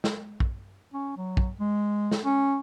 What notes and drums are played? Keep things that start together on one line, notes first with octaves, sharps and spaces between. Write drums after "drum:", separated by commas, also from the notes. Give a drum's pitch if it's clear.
drum: snare
drum: kick
C#4
F#3
drum: kick
G#3
drum: snare
C#4